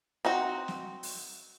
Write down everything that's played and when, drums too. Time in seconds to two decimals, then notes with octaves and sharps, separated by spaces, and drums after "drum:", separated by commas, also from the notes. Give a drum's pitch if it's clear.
0.25 C4 D#4 F#4
0.68 drum: snare
1.03 drum: open hi-hat